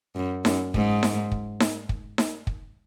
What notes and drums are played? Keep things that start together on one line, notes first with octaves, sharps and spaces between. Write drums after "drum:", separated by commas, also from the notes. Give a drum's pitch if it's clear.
F#2
F#2, drum: snare D#4
G#2, drum: kick
drum: snare D#4
drum: kick
drum: snare D#4
drum: kick
drum: snare D#4
drum: kick